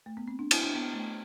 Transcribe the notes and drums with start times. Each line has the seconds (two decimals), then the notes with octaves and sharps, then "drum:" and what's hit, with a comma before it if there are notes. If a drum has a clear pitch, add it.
0.06 A3
0.17 B3
0.28 C4
0.39 D4
0.51 E4, drum: cymbal
0.63 D4
0.75 B3
0.94 A3